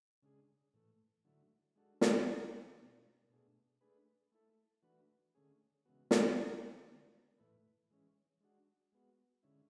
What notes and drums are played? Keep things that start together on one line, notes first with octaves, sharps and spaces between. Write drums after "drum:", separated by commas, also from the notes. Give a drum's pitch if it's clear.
C#3 G#3 D4 G#4
A2 E3 A3
D3 F#3 A3 E4
G#3 D4 F#4 A4
drum: snare
E3 G#3 B3 E4
B2 A3 D4
B2 A3 D4 G#4
A3 D4 G#4 B4
A3 E4 A4
E3 A3 D4 F#4 B4
D3 A3 C#4 G#4
C#3 E3 G#3 B3 F#4
drum: snare
F#3 B3 E4 B4
D3 G#3 B3
A2 E3 A3 E4 B4
E3 G#3 C#4
G#3 D4 F#4
G#3 B3 F#4
D3 G#3 C#4 E4